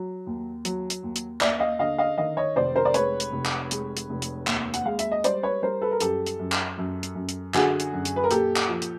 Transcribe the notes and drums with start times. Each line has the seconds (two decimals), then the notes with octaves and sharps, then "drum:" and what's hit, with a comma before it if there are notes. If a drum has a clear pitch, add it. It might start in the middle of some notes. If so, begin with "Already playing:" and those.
Already playing: F#3
0.27 D#2
0.65 F#3, drum: hi-hat
0.90 drum: hi-hat
1.03 D#2
1.16 drum: hi-hat
1.41 D#2 D5 E5, drum: clap
1.60 D#5 F5
1.79 D3 D#5 F5
1.98 D#5 F5
2.17 D#3 D#5 F5
2.37 C#5 D#5
2.56 F1 C5 D5
2.75 A#4 C5
2.85 D5
2.94 G#3 B4 C#5, drum: hi-hat
3.20 drum: hi-hat
3.32 F1
3.46 drum: clap
3.71 G#3, drum: hi-hat
3.97 drum: hi-hat
4.09 F1
4.22 drum: hi-hat
4.47 D#2, drum: clap
4.74 F#5, drum: hi-hat
4.86 G#3 F5
4.99 E5, drum: hi-hat
5.11 D#5
5.24 G3 C5 D5, drum: hi-hat
5.43 B4 C#5
5.62 G3 A#4 C5
5.81 A4 B4
5.91 A#4
6.00 F#2 G4 A4, drum: hi-hat
6.26 drum: hi-hat
6.39 F#2
6.52 drum: clap
6.78 F#2
7.03 drum: hi-hat
7.15 F#2
7.29 drum: hi-hat
7.54 D3 F#4 G#4, drum: clap
7.80 drum: hi-hat
7.93 F#2
8.05 drum: hi-hat
8.16 B4
8.24 A#4
8.31 A#2 G4 A4, drum: hi-hat
8.56 drum: clap
8.69 F3
8.82 drum: hi-hat